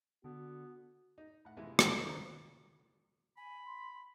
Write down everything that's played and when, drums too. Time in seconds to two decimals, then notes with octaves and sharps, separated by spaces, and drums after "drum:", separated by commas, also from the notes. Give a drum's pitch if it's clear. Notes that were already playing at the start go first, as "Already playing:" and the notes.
0.24 D3 B3 F#4
1.18 D#4
1.45 A2 F#5
1.57 C3 E3 F3 G#3 A3 B3
1.79 G2 A#2 A3 B3, drum: rim click
1.97 C#4 D#4 C#5
2.09 B4 C5 A#5
3.37 G#5 B5
3.66 C6